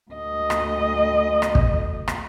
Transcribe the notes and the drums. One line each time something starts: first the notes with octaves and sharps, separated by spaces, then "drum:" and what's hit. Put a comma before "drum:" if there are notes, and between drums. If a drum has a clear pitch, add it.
D2 D#5
drum: rim click
drum: rim click
drum: kick
drum: rim click